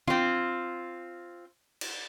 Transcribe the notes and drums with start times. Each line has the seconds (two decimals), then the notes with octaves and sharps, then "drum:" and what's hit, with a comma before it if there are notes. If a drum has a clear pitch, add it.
0.08 C4 F4, drum: tom
1.81 drum: cymbal